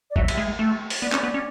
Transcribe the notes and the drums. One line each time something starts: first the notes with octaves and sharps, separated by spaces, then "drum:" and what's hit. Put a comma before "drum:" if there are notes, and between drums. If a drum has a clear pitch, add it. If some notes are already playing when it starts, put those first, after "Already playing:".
D5
F#3 E5, drum: kick G#1
drum: cymbal
G#3
A3
drum: open hi-hat
B3 D5
C#4, drum: clap
B3
C#4